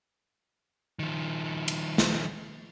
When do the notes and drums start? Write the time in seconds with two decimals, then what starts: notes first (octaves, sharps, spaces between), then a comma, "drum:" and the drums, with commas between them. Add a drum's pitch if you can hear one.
0.99 D#3 F3
1.68 drum: cymbal
1.98 drum: snare